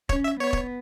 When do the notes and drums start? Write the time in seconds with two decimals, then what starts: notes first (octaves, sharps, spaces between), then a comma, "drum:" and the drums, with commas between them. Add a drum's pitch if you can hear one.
0.09 C#4 C#5, drum: kick E1
0.24 E5
0.40 B3 C#5
0.53 drum: kick E1